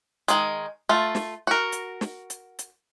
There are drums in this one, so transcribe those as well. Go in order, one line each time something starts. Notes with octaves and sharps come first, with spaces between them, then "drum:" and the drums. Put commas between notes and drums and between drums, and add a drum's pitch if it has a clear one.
D#3 G#3, drum: hi-hat
A3 F4
drum: snare
F#4 A#4
drum: hi-hat
drum: snare
drum: hi-hat
drum: hi-hat